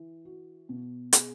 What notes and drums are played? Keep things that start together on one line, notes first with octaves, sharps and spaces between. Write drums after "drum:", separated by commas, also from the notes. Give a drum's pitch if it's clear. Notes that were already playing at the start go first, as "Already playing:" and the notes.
Already playing: E3
F#4
B2
G#4, drum: hi-hat